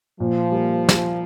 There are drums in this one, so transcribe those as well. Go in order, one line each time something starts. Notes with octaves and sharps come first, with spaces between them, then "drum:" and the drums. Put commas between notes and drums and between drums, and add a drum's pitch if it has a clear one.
A#2 F3
G3 A#3
drum: snare